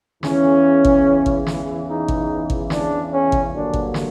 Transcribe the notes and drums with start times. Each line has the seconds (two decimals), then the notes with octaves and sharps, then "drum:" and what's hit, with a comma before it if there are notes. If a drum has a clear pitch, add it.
0.23 E2 C#3 E3 C#4, drum: snare
0.85 drum: kick
1.26 drum: kick
1.47 drum: snare
1.88 D#4
2.08 drum: kick
2.50 drum: kick
2.70 D4, drum: snare
3.11 C#4
3.32 drum: kick
3.53 G2 D3 F#3 A#3 D4
3.74 drum: kick
3.94 drum: snare